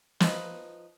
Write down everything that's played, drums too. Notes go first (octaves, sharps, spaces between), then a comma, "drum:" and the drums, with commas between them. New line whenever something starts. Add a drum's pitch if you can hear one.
F3 D#4 B4, drum: snare